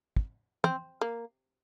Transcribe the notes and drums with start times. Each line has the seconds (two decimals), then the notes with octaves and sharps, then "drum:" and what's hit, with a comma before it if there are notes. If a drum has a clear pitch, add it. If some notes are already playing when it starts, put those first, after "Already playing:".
0.17 drum: kick
0.64 C4, drum: tom
1.01 A#3